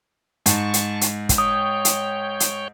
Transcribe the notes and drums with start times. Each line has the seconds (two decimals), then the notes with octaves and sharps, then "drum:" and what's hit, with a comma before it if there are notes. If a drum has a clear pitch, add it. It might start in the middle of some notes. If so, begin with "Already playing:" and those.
0.46 G#2 A5 C#6, drum: hi-hat
0.74 drum: hi-hat
1.01 drum: hi-hat
1.29 drum: kick, hi-hat
1.38 C#5 G5 D#6
1.85 drum: hi-hat
2.40 drum: hi-hat